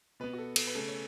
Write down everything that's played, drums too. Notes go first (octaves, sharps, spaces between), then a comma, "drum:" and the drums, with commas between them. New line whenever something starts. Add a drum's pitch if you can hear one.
B2 B3 B4
F#4
A4
A4, drum: cymbal
B4
C#3 A3 C#4 A4
C#5